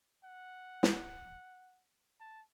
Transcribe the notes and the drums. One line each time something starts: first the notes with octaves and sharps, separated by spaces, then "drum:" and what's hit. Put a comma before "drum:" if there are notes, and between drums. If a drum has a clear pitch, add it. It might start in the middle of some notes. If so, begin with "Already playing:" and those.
F#5
drum: snare
A5